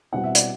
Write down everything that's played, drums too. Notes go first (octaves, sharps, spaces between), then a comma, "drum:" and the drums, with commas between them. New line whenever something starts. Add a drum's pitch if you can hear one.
B2 G3 C4 E4 F#5
E5
D5, drum: hi-hat